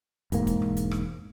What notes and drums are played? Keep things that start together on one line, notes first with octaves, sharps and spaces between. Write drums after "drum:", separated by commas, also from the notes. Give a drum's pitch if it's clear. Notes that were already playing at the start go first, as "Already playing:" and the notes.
E1 G#2 A#3, drum: hi-hat
drum: kick, hi-hat
drum: tom E2
drum: hi-hat
drum: rim click